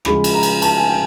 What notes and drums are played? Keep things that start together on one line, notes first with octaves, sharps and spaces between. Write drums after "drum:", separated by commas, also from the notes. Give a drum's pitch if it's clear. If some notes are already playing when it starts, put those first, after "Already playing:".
C#3 F3 G#3 B5, drum: rim click
drum: cymbal
A#5
drum: cymbal
A5, drum: cymbal
G#5
G5